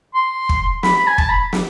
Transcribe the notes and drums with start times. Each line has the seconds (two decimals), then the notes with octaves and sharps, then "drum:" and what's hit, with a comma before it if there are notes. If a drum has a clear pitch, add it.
0.15 C6
0.49 drum: kick
0.83 B5, drum: snare
0.96 B5
1.07 G#5
1.18 A5, drum: kick
1.29 B5
1.53 drum: snare